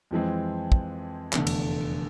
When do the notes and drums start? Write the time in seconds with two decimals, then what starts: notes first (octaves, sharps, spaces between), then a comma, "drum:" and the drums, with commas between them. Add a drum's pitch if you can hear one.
0.11 F2 E3 G#3 C4
0.72 drum: kick
1.33 F1 E2 D3 A3, drum: clap
1.47 drum: cymbal